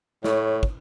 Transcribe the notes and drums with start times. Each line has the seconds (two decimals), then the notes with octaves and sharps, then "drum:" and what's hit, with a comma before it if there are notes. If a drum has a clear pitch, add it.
0.24 A2 C#5, drum: snare
0.63 drum: kick